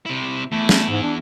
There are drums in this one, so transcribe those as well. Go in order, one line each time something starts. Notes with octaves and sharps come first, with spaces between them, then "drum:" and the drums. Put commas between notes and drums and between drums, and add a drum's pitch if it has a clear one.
C3 E4
E2 A3 E4
drum: snare
G#2
D4